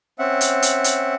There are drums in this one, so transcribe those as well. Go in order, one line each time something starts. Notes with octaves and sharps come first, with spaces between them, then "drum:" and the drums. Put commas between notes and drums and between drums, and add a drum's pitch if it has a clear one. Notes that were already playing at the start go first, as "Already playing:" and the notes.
C4 C#4 E5 F#5
drum: hi-hat
drum: hi-hat
drum: hi-hat